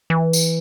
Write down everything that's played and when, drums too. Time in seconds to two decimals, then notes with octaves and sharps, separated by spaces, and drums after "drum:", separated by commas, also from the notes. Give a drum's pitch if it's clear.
0.10 E3
0.33 drum: tambourine